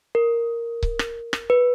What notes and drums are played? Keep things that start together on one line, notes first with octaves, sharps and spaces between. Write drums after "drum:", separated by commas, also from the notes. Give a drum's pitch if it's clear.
A#4
drum: kick C#1
drum: rim click
drum: rim click
B4